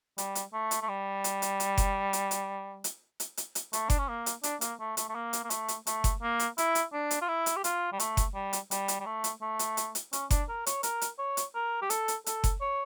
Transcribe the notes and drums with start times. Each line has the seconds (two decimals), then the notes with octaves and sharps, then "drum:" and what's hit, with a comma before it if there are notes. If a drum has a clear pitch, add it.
0.18 G3, drum: hi-hat
0.35 drum: hi-hat
0.53 A3
0.71 drum: hi-hat
0.82 A3
0.88 G3
1.24 drum: hi-hat
1.42 drum: hi-hat
1.60 drum: hi-hat
1.78 drum: kick F#1, hi-hat
2.13 drum: hi-hat
2.31 drum: hi-hat
2.84 drum: hi-hat
3.20 drum: hi-hat
3.37 drum: hi-hat
3.55 drum: hi-hat
3.73 A3, drum: hi-hat
3.90 D4, drum: kick F#1, hi-hat
3.99 C#4
4.08 A#3
4.26 drum: hi-hat
4.43 D4, drum: hi-hat
4.61 A#3, drum: hi-hat
4.80 A3
4.97 A3, drum: hi-hat
5.09 A3
5.15 A#3
5.33 drum: hi-hat
5.44 A#3
5.50 A3, drum: hi-hat
5.68 drum: hi-hat
5.87 A3, drum: hi-hat
6.04 drum: kick F#1, hi-hat
6.22 A#3
6.39 drum: hi-hat
6.58 E4, drum: hi-hat
6.75 drum: hi-hat
6.93 D4
7.11 drum: hi-hat
7.22 F4
7.28 E4
7.46 drum: hi-hat
7.56 G4
7.64 F4, drum: hi-hat
7.93 G3
7.99 A3, drum: hi-hat
8.17 drum: kick F#1, hi-hat
8.34 G3
8.53 drum: hi-hat
8.71 G3, drum: hi-hat
8.88 drum: hi-hat
9.00 G3
9.06 A3
9.24 drum: hi-hat
9.42 A3
9.59 drum: hi-hat
9.77 drum: hi-hat
9.95 drum: hi-hat
10.13 C#4, drum: hi-hat
10.31 D4, drum: kick F#1, hi-hat
10.49 A#4
10.66 C#5, drum: hi-hat
10.83 A#4, drum: hi-hat
11.01 drum: hi-hat
11.19 C#5
11.37 drum: hi-hat
11.55 A#4
11.82 G4
11.90 A4, drum: hi-hat
12.08 drum: hi-hat
12.26 A4, drum: hi-hat
12.44 drum: kick F#1, hi-hat
12.61 C#5